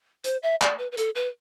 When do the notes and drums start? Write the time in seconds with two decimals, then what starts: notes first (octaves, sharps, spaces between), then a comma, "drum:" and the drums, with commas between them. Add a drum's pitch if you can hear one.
0.24 C5, drum: hi-hat
0.43 E5
0.62 D5, drum: clap
0.78 B4
0.92 B4
0.97 A4, drum: hi-hat
1.15 B4